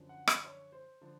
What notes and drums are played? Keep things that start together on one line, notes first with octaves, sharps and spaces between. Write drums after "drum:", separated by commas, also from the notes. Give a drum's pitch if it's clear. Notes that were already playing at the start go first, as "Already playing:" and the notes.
Already playing: F#2 D3 F3
F#5
D5, drum: rim click
C#5
C5
D3 F3